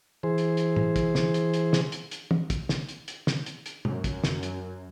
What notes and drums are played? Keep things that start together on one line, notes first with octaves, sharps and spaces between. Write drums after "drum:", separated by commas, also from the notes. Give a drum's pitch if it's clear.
E3 G#4 C5
drum: hi-hat
drum: hi-hat
drum: tom A2
drum: kick, hi-hat
drum: snare
drum: hi-hat
drum: hi-hat
drum: snare
drum: hi-hat
drum: hi-hat
drum: tom
drum: kick, hi-hat
drum: snare
drum: hi-hat
drum: hi-hat
drum: snare
drum: hi-hat
drum: hi-hat
F#2, drum: tom
drum: kick, hi-hat
drum: snare
drum: hi-hat